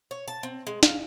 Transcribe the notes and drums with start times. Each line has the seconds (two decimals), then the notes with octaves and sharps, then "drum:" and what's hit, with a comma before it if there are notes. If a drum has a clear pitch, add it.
0.11 C#5
0.28 A5
0.43 C4
0.67 G#3
0.83 F5, drum: snare